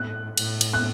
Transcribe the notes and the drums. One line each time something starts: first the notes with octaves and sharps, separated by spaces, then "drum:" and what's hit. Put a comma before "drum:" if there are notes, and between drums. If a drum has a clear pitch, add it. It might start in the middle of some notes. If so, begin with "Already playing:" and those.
Already playing: A2 F#6
A2, drum: cymbal
drum: cymbal
F#6